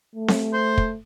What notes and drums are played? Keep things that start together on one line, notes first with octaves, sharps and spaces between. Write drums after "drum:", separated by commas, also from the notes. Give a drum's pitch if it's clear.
A3
drum: snare C4
C5
drum: kick